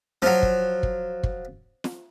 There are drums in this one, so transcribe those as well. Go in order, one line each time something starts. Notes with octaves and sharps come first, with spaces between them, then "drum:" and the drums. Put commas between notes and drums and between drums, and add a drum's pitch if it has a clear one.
F3 F#3, drum: snare
drum: kick
drum: kick
drum: kick
drum: snare